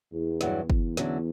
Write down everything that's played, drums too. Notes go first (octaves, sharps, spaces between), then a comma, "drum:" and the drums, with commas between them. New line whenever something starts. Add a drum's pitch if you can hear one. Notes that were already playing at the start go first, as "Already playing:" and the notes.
E2
G2 F#3 B3 E4, drum: snare
E2, drum: kick
D3 F#3 C#4 E4, drum: snare